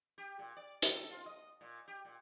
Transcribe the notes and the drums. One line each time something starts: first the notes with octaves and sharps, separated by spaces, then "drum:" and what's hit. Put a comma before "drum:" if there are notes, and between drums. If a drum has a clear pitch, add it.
G4
A#2
D5
D#3, drum: hi-hat
A4
F4
D#5
A#2
G4
A#2